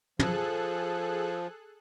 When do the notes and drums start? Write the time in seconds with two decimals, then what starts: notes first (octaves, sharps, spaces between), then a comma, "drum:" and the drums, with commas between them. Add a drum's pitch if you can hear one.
0.19 F3 G#4 A4 F#6, drum: tom